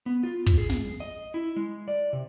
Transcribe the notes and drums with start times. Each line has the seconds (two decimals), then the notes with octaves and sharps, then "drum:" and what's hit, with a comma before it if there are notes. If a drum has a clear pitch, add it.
0.06 B3
0.23 F4
0.46 drum: kick, hi-hat
0.58 G#4
0.69 drum: snare
1.00 D#5
1.34 E4
1.56 G#3
1.88 D5
2.13 C3